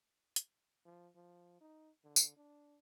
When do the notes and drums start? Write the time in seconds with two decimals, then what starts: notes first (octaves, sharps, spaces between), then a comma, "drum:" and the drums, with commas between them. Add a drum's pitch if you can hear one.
0.36 drum: hi-hat
0.85 F3
1.15 F3
1.61 D#4
2.04 D3
2.16 drum: tambourine
2.37 D4